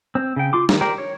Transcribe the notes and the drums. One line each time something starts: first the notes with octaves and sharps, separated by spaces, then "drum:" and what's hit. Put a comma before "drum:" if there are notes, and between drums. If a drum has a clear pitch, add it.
C4
C#3 G5
F4 C6 D6
D#3 D#4, drum: snare
G4 A#4 C5 D5 G5
C#5